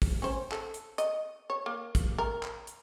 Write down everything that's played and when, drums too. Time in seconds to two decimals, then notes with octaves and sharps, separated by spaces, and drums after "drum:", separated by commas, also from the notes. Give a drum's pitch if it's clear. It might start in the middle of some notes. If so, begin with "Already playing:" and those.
0.02 drum: kick, open hi-hat
0.22 C#4 C5
0.52 A4, drum: clap
0.74 drum: hi-hat
0.98 D#5, drum: hi-hat
1.50 C#5
1.66 A#3
1.95 drum: kick, hi-hat
2.18 A#4
2.43 drum: clap
2.67 drum: hi-hat